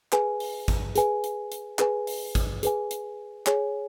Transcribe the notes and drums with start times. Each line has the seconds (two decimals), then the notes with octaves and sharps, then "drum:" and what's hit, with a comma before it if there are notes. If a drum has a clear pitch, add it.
0.12 G#4 B4 G#5, drum: clap
0.40 drum: open hi-hat
0.68 drum: kick G#1, hi-hat
0.95 G#4 B4 G#5, drum: hi-hat
1.24 drum: hi-hat
1.52 drum: hi-hat
1.79 G#4 B4 G#5, drum: clap
2.07 drum: open hi-hat
2.35 drum: kick G#1, hi-hat
2.63 G#4 B4 G#5, drum: hi-hat
2.91 drum: hi-hat
3.46 G#4 C#5 G#5, drum: clap